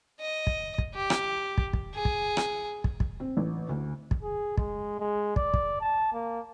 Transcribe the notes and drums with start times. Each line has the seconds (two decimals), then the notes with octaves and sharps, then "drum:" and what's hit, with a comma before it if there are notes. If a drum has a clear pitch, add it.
0.20 D#5
0.47 drum: kick
0.78 drum: kick
0.94 G4
1.10 drum: rim click
1.58 drum: kick
1.73 drum: kick
1.95 G#4
2.05 drum: kick
2.37 drum: rim click
2.84 drum: kick
3.00 drum: kick
3.20 C4
3.37 A1
3.69 D2
4.11 drum: kick
4.23 G#4
4.57 G#3, drum: kick
4.99 G#3
5.36 D5, drum: kick
5.54 drum: kick
5.81 A5
6.13 A#3